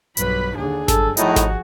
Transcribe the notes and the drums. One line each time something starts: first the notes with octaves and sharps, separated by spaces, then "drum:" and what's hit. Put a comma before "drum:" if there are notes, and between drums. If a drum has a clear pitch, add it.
B1 G2 B4 B5, drum: hi-hat
D#2 D3 D4 G#4
G1 F#2 A4, drum: snare G#1
A2 F3 D#4 F#4 G#4, drum: hi-hat
drum: snare G#1